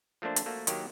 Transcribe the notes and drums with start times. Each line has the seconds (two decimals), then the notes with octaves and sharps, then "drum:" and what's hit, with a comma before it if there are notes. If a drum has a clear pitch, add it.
0.22 F3 A3 A#3 D4 C5
0.36 drum: hi-hat
0.46 A3 A#3 F#4
0.67 D#3 F#3 A#3 G4, drum: hi-hat